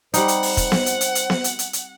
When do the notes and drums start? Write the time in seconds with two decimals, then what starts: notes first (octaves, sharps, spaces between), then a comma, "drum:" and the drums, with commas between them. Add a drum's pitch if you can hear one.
0.14 G3 C4 D#4 C5 F#5, drum: hi-hat
0.28 drum: hi-hat
0.43 drum: open hi-hat
0.57 drum: kick, hi-hat
0.72 drum: snare B3
0.86 drum: hi-hat
1.01 drum: hi-hat
1.15 drum: hi-hat
1.30 drum: snare B3
1.44 drum: hi-hat
1.59 drum: hi-hat
1.73 drum: hi-hat